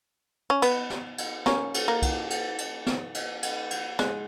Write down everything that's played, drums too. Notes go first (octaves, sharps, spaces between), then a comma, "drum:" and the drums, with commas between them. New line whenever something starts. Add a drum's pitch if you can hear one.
C#4
B3, drum: cymbal
drum: snare
drum: cymbal
A#3 C#4, drum: snare
drum: cymbal
A#3
drum: kick, cymbal
drum: cymbal
drum: cymbal
drum: snare
drum: cymbal
drum: cymbal
drum: cymbal
G#3, drum: snare